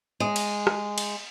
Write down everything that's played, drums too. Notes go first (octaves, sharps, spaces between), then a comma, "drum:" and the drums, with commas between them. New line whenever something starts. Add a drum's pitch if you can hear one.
G#3
drum: cymbal
drum: rim click
drum: cymbal